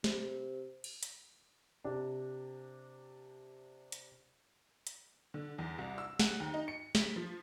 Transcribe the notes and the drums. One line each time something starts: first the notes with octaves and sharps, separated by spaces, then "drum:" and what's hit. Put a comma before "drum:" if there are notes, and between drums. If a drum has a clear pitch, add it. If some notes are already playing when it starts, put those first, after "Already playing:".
C3, drum: snare
drum: cymbal
drum: hi-hat
C3 D4
drum: hi-hat
drum: hi-hat
D3
E2
C2
E6
F#5, drum: snare
D#2
D#4
C#7
B6, drum: snare
F3